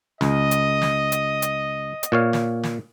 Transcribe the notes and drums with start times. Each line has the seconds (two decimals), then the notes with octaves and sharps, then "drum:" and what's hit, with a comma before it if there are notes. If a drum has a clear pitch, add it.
0.21 C#2 D#5, drum: snare
0.51 drum: hi-hat
0.82 drum: snare
1.12 drum: hi-hat
1.42 drum: hi-hat
2.03 drum: hi-hat
2.12 A#2 C#5 F5
2.33 drum: snare
2.63 drum: snare